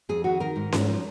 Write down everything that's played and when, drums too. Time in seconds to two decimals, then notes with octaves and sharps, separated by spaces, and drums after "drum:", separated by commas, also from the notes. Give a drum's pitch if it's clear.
0.09 F2 G#4
0.24 D#3 F#4
0.40 D#3 A#4
0.56 G#2
0.72 G#2, drum: snare C#4
0.87 F3